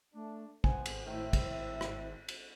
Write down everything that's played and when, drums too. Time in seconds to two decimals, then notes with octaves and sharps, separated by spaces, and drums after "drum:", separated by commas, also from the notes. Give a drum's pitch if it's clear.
0.14 A3 D4
0.64 G#1 B3 C4 C5 F#5 G#5, drum: kick
0.86 drum: cymbal
1.06 A2 D#3 E5
1.33 drum: kick, cymbal
1.81 drum: rim click
2.29 drum: cymbal